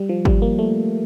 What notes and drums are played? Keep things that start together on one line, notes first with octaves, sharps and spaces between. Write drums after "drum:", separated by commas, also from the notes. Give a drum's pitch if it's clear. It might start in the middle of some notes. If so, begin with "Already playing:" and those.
Already playing: G3
F3
G3, drum: kick G#1
A#3
A3